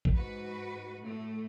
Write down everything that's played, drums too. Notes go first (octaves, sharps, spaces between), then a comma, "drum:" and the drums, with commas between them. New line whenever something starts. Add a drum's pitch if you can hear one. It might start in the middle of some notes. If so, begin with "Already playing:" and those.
drum: kick A#1
G#2 F#4 B4
A2 A3